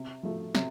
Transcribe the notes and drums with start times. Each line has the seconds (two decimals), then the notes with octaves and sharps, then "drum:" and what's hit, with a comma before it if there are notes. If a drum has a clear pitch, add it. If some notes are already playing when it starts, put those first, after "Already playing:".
Already playing: C3
0.23 F3 A3
0.55 C3, drum: snare